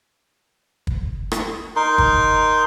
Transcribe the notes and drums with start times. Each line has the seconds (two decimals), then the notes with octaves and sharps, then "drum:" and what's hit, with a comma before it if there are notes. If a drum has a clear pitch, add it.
0.87 drum: kick
1.32 drum: rim click
1.76 D#4 A#4 C6
1.98 drum: kick